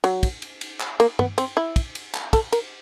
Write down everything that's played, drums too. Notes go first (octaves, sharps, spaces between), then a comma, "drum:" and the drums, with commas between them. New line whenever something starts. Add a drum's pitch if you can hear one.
F#3, drum: cymbal
drum: kick, cymbal
drum: cymbal
drum: cymbal
drum: clap
A#3, drum: cymbal
B3, drum: tom G2
C4, drum: cymbal
E4
drum: kick, cymbal
drum: cymbal
drum: clap
A4, drum: kick, cymbal
A#4, drum: cymbal